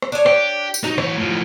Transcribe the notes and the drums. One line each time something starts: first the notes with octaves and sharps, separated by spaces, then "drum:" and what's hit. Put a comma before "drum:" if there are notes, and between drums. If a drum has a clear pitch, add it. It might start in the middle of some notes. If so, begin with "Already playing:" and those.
drum: rim click
D4 C#5
G4, drum: rim click
drum: tambourine
F#3 D#4
E3 C#5, drum: rim click
A2 F3